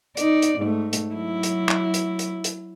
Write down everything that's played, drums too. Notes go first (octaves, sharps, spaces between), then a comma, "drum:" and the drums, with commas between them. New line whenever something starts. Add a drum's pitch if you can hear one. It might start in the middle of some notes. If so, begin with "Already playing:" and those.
D#4 D5, drum: hi-hat
drum: hi-hat
G#2 A3
drum: hi-hat
F#3 E4
drum: hi-hat
drum: clap
drum: hi-hat
drum: hi-hat
drum: hi-hat